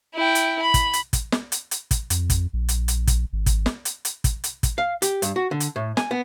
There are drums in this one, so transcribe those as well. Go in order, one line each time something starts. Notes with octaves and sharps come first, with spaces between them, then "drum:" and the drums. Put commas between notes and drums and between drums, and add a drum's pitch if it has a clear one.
E4 G5
drum: hi-hat
B5
drum: kick, hi-hat
drum: hi-hat
drum: kick, hi-hat
drum: snare
drum: hi-hat
drum: hi-hat
drum: kick, hi-hat
F2, drum: hi-hat
drum: kick, hi-hat
A#1
drum: hi-hat
drum: hi-hat
drum: kick, hi-hat
G#1
drum: kick, hi-hat
drum: snare
drum: hi-hat
drum: hi-hat
drum: kick, hi-hat
drum: hi-hat
drum: kick, hi-hat
F5
G4, drum: hi-hat
G2, drum: hi-hat
F#4
D3
drum: hi-hat
A2
G#5, drum: snare
B3